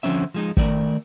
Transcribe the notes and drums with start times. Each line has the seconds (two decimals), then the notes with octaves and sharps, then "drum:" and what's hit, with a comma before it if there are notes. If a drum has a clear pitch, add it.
0.03 D3 F3 C4 C#4 E5
0.34 F3 G#3 D#4
0.57 D#3 A3 A#4 D5, drum: kick